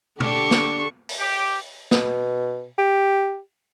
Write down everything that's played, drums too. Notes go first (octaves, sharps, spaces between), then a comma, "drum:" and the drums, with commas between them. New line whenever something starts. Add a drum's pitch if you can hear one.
D3 D4 G4 C#6, drum: tom
drum: snare
drum: open hi-hat
G4
B2, drum: snare
G4